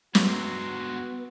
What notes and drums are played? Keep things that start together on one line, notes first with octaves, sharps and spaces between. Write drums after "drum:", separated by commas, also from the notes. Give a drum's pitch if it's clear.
G2 G#3 B3 F#4 E5 A#5 C6, drum: snare